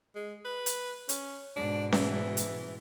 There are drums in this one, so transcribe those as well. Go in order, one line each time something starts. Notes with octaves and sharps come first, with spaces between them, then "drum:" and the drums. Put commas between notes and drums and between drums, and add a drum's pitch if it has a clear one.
G#3
B4
drum: hi-hat
C#4, drum: hi-hat
G#2 B2 D4
E3, drum: snare C#4
drum: hi-hat